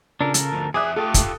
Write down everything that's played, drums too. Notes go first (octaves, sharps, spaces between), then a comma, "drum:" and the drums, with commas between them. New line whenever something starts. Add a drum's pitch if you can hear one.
A#2 C#3 D4 A4 A#4
A4 A#4, drum: hi-hat
D2 F3
F2 G#4 E5 D6 D#6 F#6
A3 F4 G4 A4
drum: kick, hi-hat